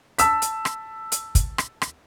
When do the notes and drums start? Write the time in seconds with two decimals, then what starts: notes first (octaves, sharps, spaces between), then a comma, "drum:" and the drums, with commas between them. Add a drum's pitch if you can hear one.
0.18 A5 E6 B6, drum: hi-hat
0.42 drum: hi-hat
0.65 drum: rim click
1.12 drum: hi-hat
1.35 drum: kick, hi-hat
1.58 drum: rim click
1.82 drum: rim click